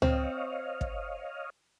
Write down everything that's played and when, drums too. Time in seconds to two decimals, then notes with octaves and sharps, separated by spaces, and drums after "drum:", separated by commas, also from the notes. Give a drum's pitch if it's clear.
0.02 C4 C#5 D#5 F5, drum: tom C#2
0.81 drum: kick